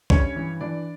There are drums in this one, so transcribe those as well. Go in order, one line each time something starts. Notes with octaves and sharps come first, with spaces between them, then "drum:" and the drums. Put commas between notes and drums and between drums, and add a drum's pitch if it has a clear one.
G2 C#4 C#5, drum: kick A#1
E3
E3 D4 D5